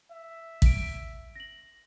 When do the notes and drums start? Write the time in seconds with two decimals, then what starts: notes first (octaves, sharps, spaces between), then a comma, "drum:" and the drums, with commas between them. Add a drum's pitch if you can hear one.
0.12 E5
0.62 B6 D7, drum: kick A1
1.36 A#6 F#7